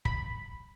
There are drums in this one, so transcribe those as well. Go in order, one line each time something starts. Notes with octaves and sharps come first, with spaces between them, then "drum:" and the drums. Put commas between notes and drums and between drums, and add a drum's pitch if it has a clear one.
B5, drum: kick